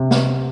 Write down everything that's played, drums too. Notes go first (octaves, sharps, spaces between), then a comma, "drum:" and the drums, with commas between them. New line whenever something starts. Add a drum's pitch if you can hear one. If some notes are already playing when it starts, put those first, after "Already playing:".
Already playing: C3
drum: snare